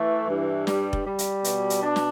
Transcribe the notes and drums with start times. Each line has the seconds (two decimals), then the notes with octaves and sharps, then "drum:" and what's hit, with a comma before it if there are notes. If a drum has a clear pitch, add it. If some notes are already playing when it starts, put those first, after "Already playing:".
Already playing: E3 A3
0.29 G2
0.67 G3, drum: snare
0.93 drum: kick F1
1.06 G3
1.19 drum: hi-hat
1.44 B2, drum: hi-hat
1.70 drum: hi-hat
1.83 D4
1.96 drum: snare